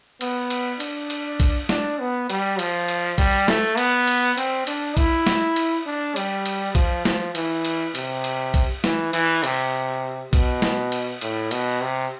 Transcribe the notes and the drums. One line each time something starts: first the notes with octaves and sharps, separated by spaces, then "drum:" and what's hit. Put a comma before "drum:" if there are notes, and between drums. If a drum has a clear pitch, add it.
B3, drum: cymbal
drum: cymbal
D4, drum: cymbal
drum: cymbal
drum: kick, cymbal
D4, drum: snare
B3
G3, drum: cymbal
F3, drum: cymbal
drum: cymbal
G3, drum: kick, cymbal
A3, drum: snare
B3, drum: cymbal
drum: cymbal
C4, drum: cymbal
D4, drum: cymbal
E4, drum: kick, cymbal
drum: snare
drum: cymbal
D4
G3, drum: cymbal
drum: cymbal
F3, drum: kick, cymbal
F3, drum: snare
E3, drum: cymbal
drum: cymbal
C3, drum: cymbal
drum: cymbal
drum: kick, cymbal
E3, drum: snare
E3, drum: cymbal
C3, drum: cymbal
B2, drum: kick, cymbal
drum: snare
drum: cymbal
A2, drum: cymbal
B2, drum: cymbal
C3